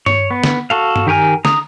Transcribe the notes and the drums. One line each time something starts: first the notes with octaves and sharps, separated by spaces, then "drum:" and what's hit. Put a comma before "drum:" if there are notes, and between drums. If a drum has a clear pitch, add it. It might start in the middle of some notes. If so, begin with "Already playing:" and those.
C#5, drum: tom G2
B3
drum: snare
F#4 A4 F5
drum: tom G2
D#3 G4 A#4 G#5 F6
A#5 D#6, drum: snare